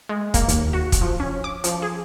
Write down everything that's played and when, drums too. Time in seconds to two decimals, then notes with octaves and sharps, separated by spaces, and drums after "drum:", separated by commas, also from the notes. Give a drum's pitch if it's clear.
0.09 G#3
0.34 A#3, drum: kick, hi-hat
0.48 D#2, drum: hi-hat
0.73 F#4
0.92 drum: kick, hi-hat
1.01 F3
1.20 C#4
1.44 D6
1.64 F3, drum: hi-hat
1.82 G#4